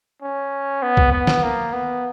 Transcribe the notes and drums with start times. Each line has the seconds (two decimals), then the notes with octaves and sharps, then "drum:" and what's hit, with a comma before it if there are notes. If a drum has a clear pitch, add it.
0.22 C#4
0.82 B3
0.97 drum: kick C2
1.12 B3
1.27 drum: snare
1.43 A#3
1.73 B3